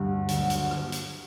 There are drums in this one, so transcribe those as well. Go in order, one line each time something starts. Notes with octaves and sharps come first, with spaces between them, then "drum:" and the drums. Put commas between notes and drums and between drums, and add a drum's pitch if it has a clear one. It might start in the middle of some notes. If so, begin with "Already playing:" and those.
Already playing: D2 G2 D3
D2 D3 F#3, drum: hi-hat
drum: hi-hat
drum: rim click
drum: hi-hat